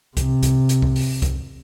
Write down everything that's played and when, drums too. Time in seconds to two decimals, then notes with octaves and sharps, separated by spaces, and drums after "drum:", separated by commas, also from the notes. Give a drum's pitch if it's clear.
0.17 C3, drum: kick C2, hi-hat
0.43 drum: kick C2, hi-hat
0.69 drum: hi-hat
0.82 drum: kick C2
0.96 drum: open hi-hat
1.22 drum: kick C2, hi-hat